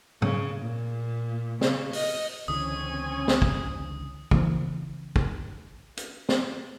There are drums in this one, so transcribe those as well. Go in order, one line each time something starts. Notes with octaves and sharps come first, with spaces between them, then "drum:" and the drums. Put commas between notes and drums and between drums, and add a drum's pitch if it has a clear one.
C#3, drum: tom G#2
A#2
C#3, drum: snare
D#5, drum: open hi-hat
C#2 D3 E3 C4 C#4 G#5 D#6
drum: snare
drum: kick
C#3 E3 A#3 C4, drum: kick
drum: kick
drum: hi-hat
drum: snare